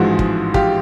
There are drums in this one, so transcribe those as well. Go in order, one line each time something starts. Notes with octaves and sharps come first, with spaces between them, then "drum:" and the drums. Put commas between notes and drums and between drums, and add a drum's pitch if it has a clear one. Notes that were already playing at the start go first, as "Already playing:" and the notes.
Already playing: A1 G#2 F3 G#3 E4 F#4
drum: kick
F4 G4, drum: kick